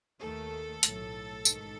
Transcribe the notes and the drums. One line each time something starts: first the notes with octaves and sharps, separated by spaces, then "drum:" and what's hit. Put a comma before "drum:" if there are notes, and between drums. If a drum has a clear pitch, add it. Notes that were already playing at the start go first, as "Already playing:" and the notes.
D#2 D#3 A3 A4
B1 A2 F#3, drum: hi-hat
A1 G#2 D#3, drum: tambourine